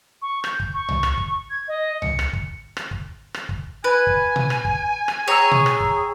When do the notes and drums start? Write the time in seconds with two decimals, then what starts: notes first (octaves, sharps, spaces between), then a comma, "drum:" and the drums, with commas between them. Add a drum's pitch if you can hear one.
0.22 C#6
0.44 G6, drum: rim click
0.60 drum: kick
0.74 C#6
0.89 drum: tom C2
1.03 drum: rim click
1.17 drum: kick
1.50 G#6
1.68 D#5
2.02 C#7, drum: tom C2
2.19 drum: rim click
2.33 drum: kick
2.77 drum: rim click
2.91 drum: kick
3.34 drum: rim click
3.49 drum: kick
3.84 B4 G#5
4.07 drum: kick
4.36 drum: tom A#2
4.50 drum: rim click
4.65 drum: kick
5.08 drum: rim click
5.28 G#4 C#5 G5 A#5 E6
5.51 drum: tom A#2
5.66 drum: rim click
5.80 drum: kick